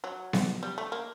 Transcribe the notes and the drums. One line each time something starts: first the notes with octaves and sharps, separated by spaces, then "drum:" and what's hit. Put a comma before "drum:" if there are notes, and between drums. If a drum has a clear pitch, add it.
F#3
drum: snare B3
G3
A3
A#3